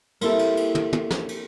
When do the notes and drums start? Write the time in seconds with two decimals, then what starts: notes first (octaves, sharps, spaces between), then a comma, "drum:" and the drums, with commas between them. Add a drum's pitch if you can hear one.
0.21 A#3 C4 E4 G4 A4, drum: cymbal
0.39 drum: cymbal
0.57 drum: cymbal
0.75 drum: tom
0.93 drum: tom
1.11 drum: snare
1.28 drum: cymbal